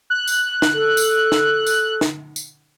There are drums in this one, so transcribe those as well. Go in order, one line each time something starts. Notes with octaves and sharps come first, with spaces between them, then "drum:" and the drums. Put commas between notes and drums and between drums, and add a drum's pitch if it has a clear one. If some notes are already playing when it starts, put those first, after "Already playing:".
F#6
drum: tambourine
drum: snare
A4
drum: tambourine
drum: snare
drum: tambourine
drum: snare
drum: tambourine